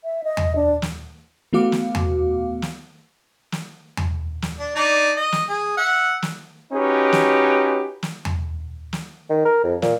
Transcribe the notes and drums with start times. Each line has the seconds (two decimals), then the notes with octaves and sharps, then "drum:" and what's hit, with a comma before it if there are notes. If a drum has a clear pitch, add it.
0.04 E5
0.24 D#5
0.37 drum: tom E2
0.56 D4
0.82 drum: snare
1.53 E3 A3 B3 F#4 F5 D6
1.72 drum: snare
1.95 drum: tom E2
2.62 drum: snare
3.52 drum: snare
3.97 drum: tom E2
4.42 drum: snare
4.59 D4
4.76 D4 D#4 D5
5.17 D#5
5.32 drum: snare
5.49 G#4
5.77 E5 F#5
6.22 drum: snare
6.73 C#4 D#4 F#4 G4 B4
7.13 drum: snare
8.03 drum: snare
8.25 drum: tom E2
8.93 drum: snare
9.30 D#3
9.45 A#4
9.64 F2
9.82 A#2, drum: snare